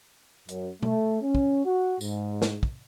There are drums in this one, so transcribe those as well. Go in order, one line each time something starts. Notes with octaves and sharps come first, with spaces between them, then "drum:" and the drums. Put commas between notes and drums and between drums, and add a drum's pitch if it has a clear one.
F#2, drum: hi-hat
A3, drum: tom
C#4
drum: kick
F#4
G#2, drum: tambourine
drum: snare
drum: kick